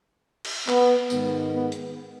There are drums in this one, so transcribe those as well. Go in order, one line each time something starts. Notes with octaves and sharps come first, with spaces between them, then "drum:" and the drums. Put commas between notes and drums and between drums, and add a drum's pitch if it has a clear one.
drum: cymbal
B3, drum: clap
G#2 D#3 G#3 B3, drum: tambourine
B3
drum: hi-hat